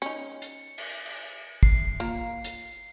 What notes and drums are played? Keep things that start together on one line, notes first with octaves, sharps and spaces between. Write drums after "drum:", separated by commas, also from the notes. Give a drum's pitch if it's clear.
C#4 D#4 C#7
drum: hi-hat
drum: cymbal
drum: cymbal
C7, drum: kick
A#3 F4 A#5
drum: hi-hat